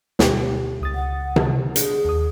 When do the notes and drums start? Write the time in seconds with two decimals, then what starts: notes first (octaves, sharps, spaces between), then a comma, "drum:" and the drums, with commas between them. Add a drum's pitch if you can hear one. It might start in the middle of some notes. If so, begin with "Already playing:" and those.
0.19 D2 B2 G4, drum: snare
0.81 C#2 D#6 A6
0.95 F#5
1.36 drum: tom C3
1.76 D4 G#4, drum: hi-hat
2.05 D#2 D#6